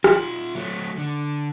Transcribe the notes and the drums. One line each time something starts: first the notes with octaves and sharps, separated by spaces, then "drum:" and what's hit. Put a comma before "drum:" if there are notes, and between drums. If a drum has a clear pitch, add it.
F4 E5, drum: rim click
F#3 A3
D3